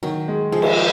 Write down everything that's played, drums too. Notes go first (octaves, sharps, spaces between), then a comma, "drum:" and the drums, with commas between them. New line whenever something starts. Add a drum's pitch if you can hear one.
D#3 F#3
G#3
F3 G#4
drum: cymbal